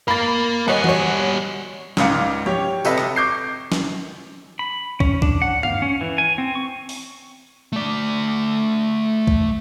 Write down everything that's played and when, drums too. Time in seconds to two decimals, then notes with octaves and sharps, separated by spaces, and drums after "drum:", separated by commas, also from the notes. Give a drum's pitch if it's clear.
0.08 A#4 F5 B5 A6
0.68 G3 C#5 D#5 F#5 G#5
0.84 F#4 C#5, drum: tom E3
1.97 C#2 G#2 C#3 D5 F5 C#7, drum: snare
2.46 G4 C#5, drum: tom F3
2.85 C3 A4 B4 D#5 E5, drum: tambourine
2.98 drum: rim click
3.16 C#6 D6 G6 C7
3.72 drum: snare
4.59 B5
5.00 C#4, drum: kick
5.22 D4, drum: kick
5.42 F#5
5.63 F5, drum: tom
5.82 C#4
6.01 E3
6.18 G#5
6.38 C4
6.55 C#6
6.89 drum: open hi-hat
7.72 A3 D5
9.27 drum: kick